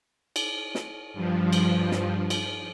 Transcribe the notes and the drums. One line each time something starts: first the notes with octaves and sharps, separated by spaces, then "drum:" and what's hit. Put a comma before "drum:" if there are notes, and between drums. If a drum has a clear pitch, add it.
drum: cymbal
drum: snare
G2 F3
drum: cymbal
drum: snare
drum: cymbal